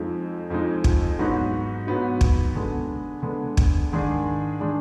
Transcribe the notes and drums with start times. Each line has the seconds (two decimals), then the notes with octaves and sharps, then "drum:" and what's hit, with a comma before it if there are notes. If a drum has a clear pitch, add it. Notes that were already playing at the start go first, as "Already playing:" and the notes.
Already playing: F2 F3 G#3 D#4
0.50 F2 F3 G#3 D#4
0.84 drum: kick
1.19 G#2 F#3 B3 D#4 F#4
1.87 G#2 F#3 B3 D#4 F#4
2.21 drum: kick
2.55 D3 G#3 B3
3.23 D3 G#3 B3
3.57 drum: kick
3.92 G#2 D#3 G#3 D4 G#4
4.60 D#3 G#3 D4 G#4